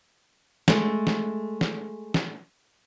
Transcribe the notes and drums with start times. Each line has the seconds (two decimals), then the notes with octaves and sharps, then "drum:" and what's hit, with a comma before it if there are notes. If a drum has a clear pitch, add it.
0.68 G#3 A3, drum: snare
1.07 drum: snare
1.61 drum: snare
2.14 drum: snare